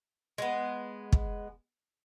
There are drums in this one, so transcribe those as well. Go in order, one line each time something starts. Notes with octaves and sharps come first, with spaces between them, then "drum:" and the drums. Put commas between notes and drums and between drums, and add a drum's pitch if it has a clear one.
G#3 B3
drum: kick